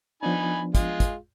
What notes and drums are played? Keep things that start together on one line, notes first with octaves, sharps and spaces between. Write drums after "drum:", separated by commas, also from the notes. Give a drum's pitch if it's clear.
F3 B3 D4 D#4 G#5 B5
G#3 F4, drum: kick, hi-hat
drum: kick, hi-hat